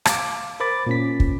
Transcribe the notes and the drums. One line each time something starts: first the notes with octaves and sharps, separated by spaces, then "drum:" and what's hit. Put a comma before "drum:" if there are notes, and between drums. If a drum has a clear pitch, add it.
F5 D6, drum: rim click
A#4 C5 B5 D6 A6
A#2 C#4 B6
drum: kick